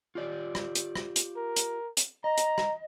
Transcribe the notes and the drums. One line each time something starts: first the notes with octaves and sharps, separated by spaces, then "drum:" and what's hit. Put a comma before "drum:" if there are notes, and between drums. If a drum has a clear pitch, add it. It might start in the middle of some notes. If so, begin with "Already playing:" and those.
F4 G4 D5
drum: rim click
drum: hi-hat
drum: rim click
drum: hi-hat
A#4
drum: hi-hat
drum: hi-hat
D#5 A#5
drum: hi-hat
drum: rim click